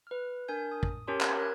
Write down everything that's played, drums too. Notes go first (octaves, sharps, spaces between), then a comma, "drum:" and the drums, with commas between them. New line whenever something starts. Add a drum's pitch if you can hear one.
B4 F6
D4 A#4 G#5 G6
D#6
drum: kick
C#4 G4 A#4 C#5 A5 C6
drum: clap
A#4 D#6 F#6 G#6